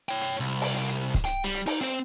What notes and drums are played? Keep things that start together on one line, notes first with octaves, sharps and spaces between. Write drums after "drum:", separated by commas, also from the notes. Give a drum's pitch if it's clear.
C#5 G5
drum: hi-hat
C2
drum: open hi-hat
drum: hi-hat
drum: hi-hat
drum: kick C#1, hi-hat
G5, drum: hi-hat
G3, drum: hi-hat
drum: hi-hat
D#4, drum: open hi-hat
C4 C5, drum: hi-hat